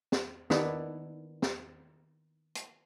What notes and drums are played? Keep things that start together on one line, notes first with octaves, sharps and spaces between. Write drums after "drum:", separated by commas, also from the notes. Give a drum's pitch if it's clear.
drum: snare
D#3 B3 D4 E4, drum: snare
drum: snare
drum: hi-hat